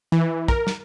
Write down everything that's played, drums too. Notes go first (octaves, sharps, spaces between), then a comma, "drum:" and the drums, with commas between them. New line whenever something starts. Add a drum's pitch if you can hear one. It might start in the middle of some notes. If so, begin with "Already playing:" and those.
E3
A#4, drum: kick
drum: snare